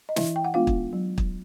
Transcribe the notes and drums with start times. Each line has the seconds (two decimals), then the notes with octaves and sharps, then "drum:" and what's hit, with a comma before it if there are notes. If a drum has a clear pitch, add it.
0.09 D#5
0.16 E3 E4 E5, drum: snare
0.36 G5
0.44 F#5
0.54 G#3 B3 D4 F4 F5
0.67 drum: kick
0.93 F#3
1.18 drum: kick